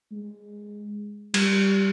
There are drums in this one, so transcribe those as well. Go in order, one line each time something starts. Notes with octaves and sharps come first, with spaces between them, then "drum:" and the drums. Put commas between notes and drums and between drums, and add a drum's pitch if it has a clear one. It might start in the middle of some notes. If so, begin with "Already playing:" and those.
G#3
G3, drum: cymbal